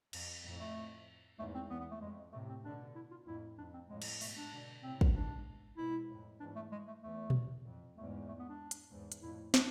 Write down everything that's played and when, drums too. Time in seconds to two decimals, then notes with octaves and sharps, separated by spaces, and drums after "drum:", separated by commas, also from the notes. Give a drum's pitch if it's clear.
0.13 F2, drum: cymbal
0.45 F2 A2
0.60 A3
1.39 E2 G#2 A3
1.55 C4
1.70 E2 B3
1.80 B3
1.91 A3
2.01 F2 G#3
2.33 A2 C3 A3
2.49 C4
2.64 B2 D3 D4
2.95 E4
3.11 F4
3.27 F2 A2 E4
3.58 F2 D4
3.74 C4
3.89 F2 A2 G#3
4.02 drum: cymbal
4.21 G#2 B2 A3, drum: open hi-hat
4.37 D4
4.52 B2 D3
4.83 A2 C3 C4
5.01 drum: kick
5.15 G#2 B2 D4
5.77 G#2 B2 E4
6.09 F2 A2
6.40 E2 G#2 D4
6.56 A3
6.72 G#3
6.87 A3
7.03 E2 A3
7.30 drum: tom A#2
7.66 F2
7.97 E2 G#2 A3
8.29 A3
8.39 B3
8.49 D4
8.71 drum: hi-hat
8.91 E2 G#2
9.12 drum: hi-hat
9.22 F2 A2 E4
9.54 D4, drum: snare